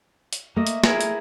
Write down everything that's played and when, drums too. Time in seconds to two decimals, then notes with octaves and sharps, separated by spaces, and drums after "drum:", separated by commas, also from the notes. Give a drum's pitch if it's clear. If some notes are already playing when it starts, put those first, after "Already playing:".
0.33 drum: hi-hat
0.56 A3 A#3 D#5
0.67 drum: hi-hat
0.84 E4 G#4 A#4, drum: snare
1.01 drum: hi-hat